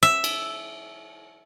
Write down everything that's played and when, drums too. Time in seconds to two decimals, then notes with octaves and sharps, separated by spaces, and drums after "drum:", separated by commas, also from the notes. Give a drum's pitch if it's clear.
0.03 E5
0.24 drum: cymbal